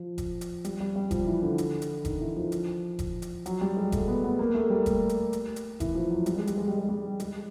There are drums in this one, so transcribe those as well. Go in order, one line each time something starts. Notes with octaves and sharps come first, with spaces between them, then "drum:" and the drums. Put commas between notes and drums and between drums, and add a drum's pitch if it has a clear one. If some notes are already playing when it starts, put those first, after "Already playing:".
Already playing: F3
drum: kick F1, hi-hat
drum: hi-hat
G3, drum: hi-hat
G3
G3
F3, drum: kick F1, hi-hat
E3
D3
drum: hi-hat
drum: hi-hat
D#3, drum: kick F1, hi-hat
E3
F3
drum: hi-hat
drum: kick F1, hi-hat
drum: hi-hat
F#3, drum: hi-hat
G3
G#3
A3, drum: kick F1, hi-hat
B3
B3
A#3
A3
G3
drum: kick F1, hi-hat
drum: hi-hat
drum: hi-hat
drum: hi-hat
E3, drum: kick F1, hi-hat
F3
F#3
G3, drum: hi-hat
G#3
G3, drum: hi-hat
G#3
G3
G#3
G3
G#3, drum: hi-hat